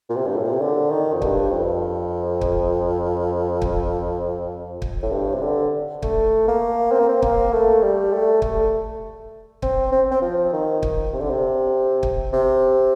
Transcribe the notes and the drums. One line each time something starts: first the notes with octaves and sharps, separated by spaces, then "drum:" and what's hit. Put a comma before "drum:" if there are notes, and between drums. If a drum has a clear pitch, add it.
A#2
C3
G2
A2
A#2
C3
D3
D#3
F2
G2, drum: kick
F2
drum: kick
drum: kick
drum: kick
A2
G2
C3
D3
A3, drum: kick
A#3
C4
A#3
C4
A#3, drum: kick
A3
G3
A3
A3, drum: kick
C4, drum: kick
C4
C4
F3
D#3
drum: kick
C3
D3
C3
drum: kick
C3